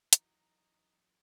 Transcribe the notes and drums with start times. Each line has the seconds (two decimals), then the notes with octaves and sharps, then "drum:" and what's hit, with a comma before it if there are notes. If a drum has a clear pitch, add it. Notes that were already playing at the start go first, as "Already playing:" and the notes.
0.13 F#2 E3 D#4 F#4 A#5, drum: hi-hat